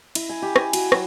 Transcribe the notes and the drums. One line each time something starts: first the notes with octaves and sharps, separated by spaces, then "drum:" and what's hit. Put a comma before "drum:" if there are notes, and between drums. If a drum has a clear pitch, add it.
E4, drum: cymbal
G#5
G4
G#5, drum: rim click
F#4, drum: cymbal
F#3, drum: rim click